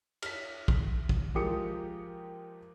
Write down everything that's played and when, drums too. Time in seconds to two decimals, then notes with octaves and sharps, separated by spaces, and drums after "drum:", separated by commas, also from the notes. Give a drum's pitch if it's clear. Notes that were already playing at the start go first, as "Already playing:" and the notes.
0.22 F6 B6, drum: cymbal
0.68 drum: kick
1.09 drum: kick
1.35 F3 G#3 G4 A#4 D#6 C#7